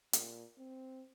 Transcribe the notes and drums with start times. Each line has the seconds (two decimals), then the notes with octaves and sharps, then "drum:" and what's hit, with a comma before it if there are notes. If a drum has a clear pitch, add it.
0.13 A#2, drum: hi-hat
0.58 C4